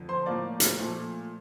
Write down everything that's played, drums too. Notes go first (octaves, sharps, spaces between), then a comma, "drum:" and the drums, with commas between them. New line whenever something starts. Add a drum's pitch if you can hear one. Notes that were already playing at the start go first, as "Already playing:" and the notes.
Already playing: F2 D3
C5 C6
A2 F3 A#3 D5 D6
drum: hi-hat
A#2 F3 A3